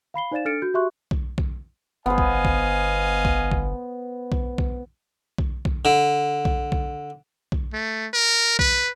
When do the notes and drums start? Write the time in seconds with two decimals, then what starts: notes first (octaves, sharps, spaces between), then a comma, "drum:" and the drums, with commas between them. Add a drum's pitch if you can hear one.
0.14 F5 B5 C7 G7
0.31 D#4 C5 D5 F5 A6 E7
0.45 D4 A4 F6 A6 C#7 D7
0.62 F#4 G6
0.74 F#4 G4 E5 C6 C#6 F#6
1.11 drum: kick B1
1.38 drum: kick B1
2.06 G1 B3 C5 D#5 F5 G#5
2.18 drum: kick B1
2.45 drum: kick B1
3.25 drum: kick B1
3.52 drum: kick B1
4.32 drum: kick B1
4.58 drum: kick B1
5.38 drum: kick B1
5.65 drum: kick B1
5.85 D3
6.45 drum: kick B1
6.72 drum: kick B1
7.52 drum: kick B1
7.73 A3
8.13 A#4
8.59 B4, drum: kick B1